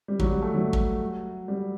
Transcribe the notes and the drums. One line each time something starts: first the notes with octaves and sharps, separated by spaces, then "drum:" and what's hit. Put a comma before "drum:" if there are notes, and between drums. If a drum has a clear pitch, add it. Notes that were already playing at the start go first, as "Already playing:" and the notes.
G3
F#3, drum: kick
G3
A3
F#3
drum: kick
G3